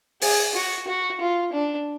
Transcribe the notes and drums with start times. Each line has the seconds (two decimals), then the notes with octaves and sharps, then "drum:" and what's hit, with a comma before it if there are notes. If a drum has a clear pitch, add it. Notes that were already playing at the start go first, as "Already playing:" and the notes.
0.22 G#4, drum: open hi-hat
0.55 F#4
0.87 F#4
1.21 F4
1.53 D4